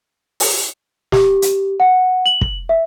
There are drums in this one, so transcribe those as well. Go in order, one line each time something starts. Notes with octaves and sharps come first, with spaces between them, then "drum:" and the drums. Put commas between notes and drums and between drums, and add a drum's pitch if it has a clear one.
drum: open hi-hat
G4, drum: snare
drum: hi-hat
F#5
F#7
drum: kick
E5